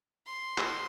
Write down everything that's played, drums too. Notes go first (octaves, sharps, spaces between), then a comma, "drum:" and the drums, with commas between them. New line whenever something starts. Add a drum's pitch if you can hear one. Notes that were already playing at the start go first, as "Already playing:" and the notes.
C6
drum: clap